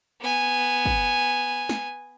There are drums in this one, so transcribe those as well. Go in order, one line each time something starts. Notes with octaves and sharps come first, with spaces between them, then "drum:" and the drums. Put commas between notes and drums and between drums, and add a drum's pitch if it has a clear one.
B3 G#5
drum: kick
drum: snare